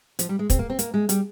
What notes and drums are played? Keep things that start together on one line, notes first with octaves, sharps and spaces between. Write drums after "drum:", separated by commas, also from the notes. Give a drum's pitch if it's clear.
F3, drum: hi-hat
G3
G#3
C4, drum: kick, hi-hat
A#3
C4
A#3, drum: hi-hat
G#3
G3, drum: hi-hat